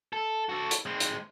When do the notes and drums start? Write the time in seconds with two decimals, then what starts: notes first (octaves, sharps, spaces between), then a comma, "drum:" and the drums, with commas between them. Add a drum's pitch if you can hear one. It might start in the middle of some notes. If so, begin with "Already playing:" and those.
0.13 A4
0.49 F#4 A4
0.71 drum: hi-hat
0.86 G#3 C4
1.00 drum: hi-hat